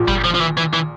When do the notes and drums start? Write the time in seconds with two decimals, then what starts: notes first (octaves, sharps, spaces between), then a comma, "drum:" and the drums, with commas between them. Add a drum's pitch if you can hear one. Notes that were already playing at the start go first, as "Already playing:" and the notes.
Already playing: A#1 A#2
0.08 G3, drum: kick G1
0.24 F3
0.35 F3
0.41 E3
0.57 E3
0.73 E3